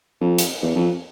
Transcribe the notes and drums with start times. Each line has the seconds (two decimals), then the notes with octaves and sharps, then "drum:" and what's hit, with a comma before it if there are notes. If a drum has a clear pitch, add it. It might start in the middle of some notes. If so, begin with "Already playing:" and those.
0.21 F2
0.38 drum: hi-hat
0.63 E2
0.76 F2